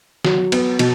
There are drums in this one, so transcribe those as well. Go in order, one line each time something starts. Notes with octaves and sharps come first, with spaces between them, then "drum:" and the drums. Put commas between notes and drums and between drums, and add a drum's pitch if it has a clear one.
F#3, drum: snare
B3, drum: cymbal
B2, drum: cymbal